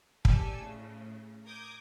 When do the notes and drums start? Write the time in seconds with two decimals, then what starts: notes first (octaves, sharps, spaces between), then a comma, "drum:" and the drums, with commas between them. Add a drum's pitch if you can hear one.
0.25 G#2 G4 A4 D5 G#5 E6, drum: kick
0.56 A2 C#3
1.44 A#4 D6 D#6 G6 G#6